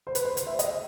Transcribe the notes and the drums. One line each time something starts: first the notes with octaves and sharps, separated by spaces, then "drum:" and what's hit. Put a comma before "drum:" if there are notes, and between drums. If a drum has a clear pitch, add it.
C5
B4, drum: hi-hat
C5
C5, drum: hi-hat
E5
D#5, drum: hi-hat